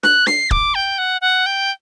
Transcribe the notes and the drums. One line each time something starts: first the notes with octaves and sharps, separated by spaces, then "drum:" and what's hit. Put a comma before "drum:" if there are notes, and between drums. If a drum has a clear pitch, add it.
F#6, drum: snare
C7, drum: snare
D6, drum: kick
G5
F#5
F#5
G5